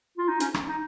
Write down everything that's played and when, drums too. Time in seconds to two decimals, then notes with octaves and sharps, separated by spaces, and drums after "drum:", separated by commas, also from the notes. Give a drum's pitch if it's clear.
0.18 F4
0.28 D#4
0.40 C#4, drum: hi-hat
0.54 drum: rim click
0.68 D#4